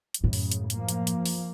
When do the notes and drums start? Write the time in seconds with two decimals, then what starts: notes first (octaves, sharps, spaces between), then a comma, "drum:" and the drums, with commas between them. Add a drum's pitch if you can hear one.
0.14 drum: hi-hat
0.24 F#2 A2 C#3
0.33 drum: open hi-hat
0.51 drum: hi-hat
0.70 F3 A#3, drum: hi-hat
0.89 drum: hi-hat
1.07 drum: hi-hat
1.26 drum: open hi-hat